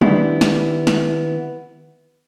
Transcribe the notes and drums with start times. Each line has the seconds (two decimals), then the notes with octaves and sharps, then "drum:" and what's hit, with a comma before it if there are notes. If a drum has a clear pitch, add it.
0.01 D#3 B3 C4 D4 E4 G4, drum: tom
0.41 drum: snare
0.87 drum: snare